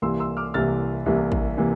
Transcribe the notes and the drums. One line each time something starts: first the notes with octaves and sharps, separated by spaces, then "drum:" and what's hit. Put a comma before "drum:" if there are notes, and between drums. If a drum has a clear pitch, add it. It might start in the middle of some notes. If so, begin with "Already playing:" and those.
C2 C3 E3 A#3 C6 E6
C6 E6
D6 F6
C2 C3 E3 A#3 F6 A6
C2 C3 E3 A#3
drum: kick A1
C3 E3 A#3